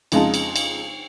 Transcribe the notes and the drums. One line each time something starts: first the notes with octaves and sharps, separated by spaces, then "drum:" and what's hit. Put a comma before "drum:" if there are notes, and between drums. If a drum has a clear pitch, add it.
F2 C#3 G#3 D#4 F4 A5, drum: cymbal
drum: cymbal
drum: cymbal